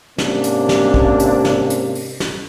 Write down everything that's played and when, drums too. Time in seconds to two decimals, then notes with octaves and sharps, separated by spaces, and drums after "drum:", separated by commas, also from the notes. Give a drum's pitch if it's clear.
0.18 G#2 C3 A#3 C#4 D4, drum: snare
0.44 drum: hi-hat
0.69 drum: snare
0.94 drum: kick
1.19 drum: hi-hat
1.45 drum: snare
1.70 drum: hi-hat
1.95 drum: open hi-hat
2.20 drum: snare